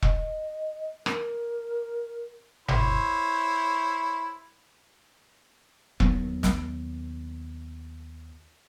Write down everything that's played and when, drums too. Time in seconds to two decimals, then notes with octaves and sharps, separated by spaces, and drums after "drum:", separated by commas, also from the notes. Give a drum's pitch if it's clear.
0.03 D#5, drum: kick E1
1.06 A#4, drum: rim click
2.68 E4 C5 C#5, drum: tom G1
6.00 D#2 D#3 F#3 B3, drum: kick E1
6.43 drum: snare